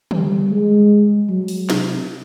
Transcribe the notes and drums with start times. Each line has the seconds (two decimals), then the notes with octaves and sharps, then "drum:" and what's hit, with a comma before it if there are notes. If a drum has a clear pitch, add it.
0.11 G3, drum: tom
0.51 G#3
1.29 F#3
1.48 drum: open hi-hat
1.70 C3, drum: snare